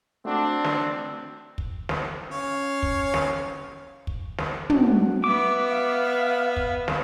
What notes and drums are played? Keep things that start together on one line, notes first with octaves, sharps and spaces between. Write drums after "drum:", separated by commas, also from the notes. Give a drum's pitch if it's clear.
A3 C4 D4 F#4
drum: snare
drum: kick
drum: snare
C#4 C#5 F5
drum: kick
drum: snare
drum: kick
drum: snare
F#4, drum: tom
B3 E5 D6
F5
drum: kick
drum: snare